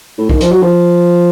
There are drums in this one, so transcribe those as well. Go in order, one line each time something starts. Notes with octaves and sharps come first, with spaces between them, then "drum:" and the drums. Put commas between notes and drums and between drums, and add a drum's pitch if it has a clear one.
A2
D#3, drum: kick
F3, drum: hi-hat
F#3
F3